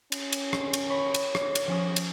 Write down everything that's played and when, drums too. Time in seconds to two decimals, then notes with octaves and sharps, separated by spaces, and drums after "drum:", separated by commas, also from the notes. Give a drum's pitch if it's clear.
0.12 C#4, drum: cymbal
0.32 drum: cymbal
0.53 drum: rim click
0.73 drum: cymbal
0.90 C#5 B5 C#6
1.14 drum: cymbal
1.35 drum: rim click
1.55 drum: cymbal
1.67 F3 C#4 D#6
1.96 drum: cymbal